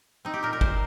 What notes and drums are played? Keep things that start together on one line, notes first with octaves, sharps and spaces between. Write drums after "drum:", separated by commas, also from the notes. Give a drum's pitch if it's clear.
C4 D#4
G4
A#2 A#4
A#4
A#2 C5, drum: kick